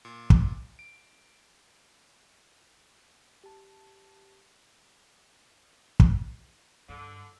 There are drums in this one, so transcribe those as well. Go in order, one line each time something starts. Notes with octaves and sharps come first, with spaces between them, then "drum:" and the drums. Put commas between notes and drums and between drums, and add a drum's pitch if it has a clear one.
A#2
drum: kick
D7
G4 A5
drum: kick
G2 D3